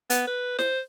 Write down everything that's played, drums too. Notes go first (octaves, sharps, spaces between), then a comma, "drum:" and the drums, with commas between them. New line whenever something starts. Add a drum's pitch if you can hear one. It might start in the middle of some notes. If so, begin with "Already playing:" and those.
B3, drum: hi-hat
B4
C5, drum: snare